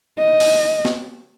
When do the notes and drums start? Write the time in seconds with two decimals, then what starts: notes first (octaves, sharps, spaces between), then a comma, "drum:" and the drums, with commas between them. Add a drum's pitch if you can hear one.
0.19 D#5
0.40 drum: open hi-hat
0.85 drum: snare